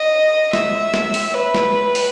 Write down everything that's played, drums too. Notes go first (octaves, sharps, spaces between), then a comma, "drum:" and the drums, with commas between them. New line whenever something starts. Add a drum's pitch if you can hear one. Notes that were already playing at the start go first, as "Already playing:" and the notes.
Already playing: D#5
E5, drum: snare
drum: snare
drum: open hi-hat
B4
drum: snare
drum: open hi-hat